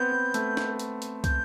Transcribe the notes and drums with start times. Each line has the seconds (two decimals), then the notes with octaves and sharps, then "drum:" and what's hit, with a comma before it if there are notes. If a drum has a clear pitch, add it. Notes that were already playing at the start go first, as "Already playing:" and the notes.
Already playing: B3 C4 G6
0.12 B3
0.34 A3, drum: hi-hat
0.57 drum: snare
0.79 drum: hi-hat
1.02 drum: hi-hat
1.24 G6, drum: kick, hi-hat